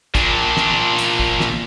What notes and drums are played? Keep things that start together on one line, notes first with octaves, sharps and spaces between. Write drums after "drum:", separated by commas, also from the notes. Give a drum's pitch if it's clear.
A#2 D4, drum: kick, hi-hat
drum: snare
drum: hi-hat
drum: kick
drum: snare